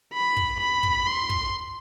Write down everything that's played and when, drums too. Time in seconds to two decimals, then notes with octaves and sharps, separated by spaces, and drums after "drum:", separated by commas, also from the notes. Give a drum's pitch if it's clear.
0.14 B5
0.37 drum: kick
0.60 B5
0.83 drum: kick
1.07 C6
1.29 drum: kick